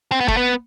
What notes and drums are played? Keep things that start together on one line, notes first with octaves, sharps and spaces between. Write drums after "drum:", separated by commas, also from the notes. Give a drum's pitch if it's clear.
C4
B3
A3, drum: kick
B3